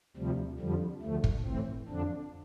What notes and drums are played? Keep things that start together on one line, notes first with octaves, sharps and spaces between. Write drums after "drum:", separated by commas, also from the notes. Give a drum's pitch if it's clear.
D2 C3 F3 G3
F2 D3 F3 G3
D2 D3 F3 A3
drum: kick
A2 E3 C4
F2 D3 F3 D4